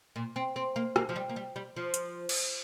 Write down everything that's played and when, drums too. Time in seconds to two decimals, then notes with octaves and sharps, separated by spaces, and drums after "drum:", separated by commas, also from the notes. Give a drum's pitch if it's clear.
0.16 A#2
0.36 C4
0.56 C4
0.76 A#3
0.96 A#3, drum: rim click
1.09 F3
1.16 G3
1.29 A#3
1.36 G3
1.56 G3
1.76 F3
1.94 drum: hi-hat
2.29 drum: cymbal